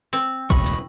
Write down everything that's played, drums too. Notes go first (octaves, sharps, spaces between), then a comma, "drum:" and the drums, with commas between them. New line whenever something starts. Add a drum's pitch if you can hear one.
C4
E1 C#2 D#5 B5 C#6, drum: kick
drum: hi-hat